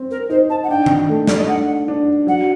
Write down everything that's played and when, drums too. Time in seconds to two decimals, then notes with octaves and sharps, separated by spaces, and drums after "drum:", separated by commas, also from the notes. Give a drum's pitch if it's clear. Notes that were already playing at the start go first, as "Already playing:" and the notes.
Already playing: C4
0.10 A#4
0.30 D#4 C5
0.50 A5
0.63 F#5
0.69 D4 G5
0.86 drum: tom D#3
1.09 A3
1.27 D5, drum: snare
1.37 D#5
1.48 D4 F#5
1.88 D4
2.27 F#3 F#5